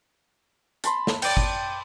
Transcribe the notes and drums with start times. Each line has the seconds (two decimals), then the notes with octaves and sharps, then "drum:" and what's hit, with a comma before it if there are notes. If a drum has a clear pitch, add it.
0.84 A5 B5 C6, drum: hi-hat
1.07 drum: snare
1.22 D5 G5, drum: cymbal
1.37 drum: kick G1